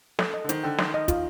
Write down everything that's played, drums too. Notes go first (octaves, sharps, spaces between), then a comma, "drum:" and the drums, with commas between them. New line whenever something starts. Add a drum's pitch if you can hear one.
A4, drum: snare
D#5
D3
D#3 C5, drum: hi-hat
D3 G5
D#3 C6, drum: snare
D#5
F4, drum: kick, hi-hat